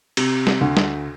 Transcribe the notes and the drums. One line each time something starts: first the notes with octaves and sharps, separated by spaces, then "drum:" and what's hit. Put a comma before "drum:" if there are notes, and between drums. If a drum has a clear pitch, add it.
C3, drum: cymbal
drum: snare
D2
drum: snare